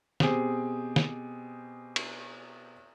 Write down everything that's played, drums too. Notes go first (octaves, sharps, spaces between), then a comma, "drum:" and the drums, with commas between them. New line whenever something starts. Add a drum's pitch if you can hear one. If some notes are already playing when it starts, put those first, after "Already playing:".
B2 C4 G4 G#4, drum: snare
drum: snare
drum: cymbal